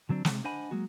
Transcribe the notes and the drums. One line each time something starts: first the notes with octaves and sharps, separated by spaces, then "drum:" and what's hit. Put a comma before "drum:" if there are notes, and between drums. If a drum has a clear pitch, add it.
D3 F#3 C4 D4
C3 G#3, drum: snare
D4 C5 D#5 F#5 G#5 B5
F#3 G#3 A#3 F#4